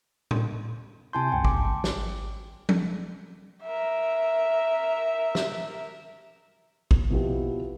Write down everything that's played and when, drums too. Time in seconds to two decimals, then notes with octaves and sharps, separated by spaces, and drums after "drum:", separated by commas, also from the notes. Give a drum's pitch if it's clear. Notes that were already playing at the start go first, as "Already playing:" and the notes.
0.31 drum: tom A2
1.13 C3 E4 G#5 A5 C6 G6
1.32 C#2 G2 C#3 G5
1.45 D6, drum: kick A1
1.84 G#1, drum: snare
2.69 drum: tom F3
3.63 A#4 E5
5.35 drum: snare
6.91 drum: kick A1
7.10 B2 F3 B3 E4 G4